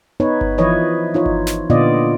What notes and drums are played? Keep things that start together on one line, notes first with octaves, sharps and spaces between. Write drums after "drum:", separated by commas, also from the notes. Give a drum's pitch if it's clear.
B3 D#4 B4 C#5
drum: kick G1
E3 F3 E4 B4 C#5 D#5
D#4 F4 C#5
drum: kick G1
drum: snare
A#2 D3 B3 F4 D5 D#5